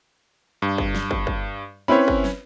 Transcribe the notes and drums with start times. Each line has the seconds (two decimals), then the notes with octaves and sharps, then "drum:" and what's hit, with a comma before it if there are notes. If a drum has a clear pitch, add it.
0.62 G2
0.78 drum: kick
0.95 drum: snare
1.11 drum: kick
1.27 drum: kick
1.88 C4 C#4 E4 B4 C#5 B5
2.08 drum: kick
2.24 drum: snare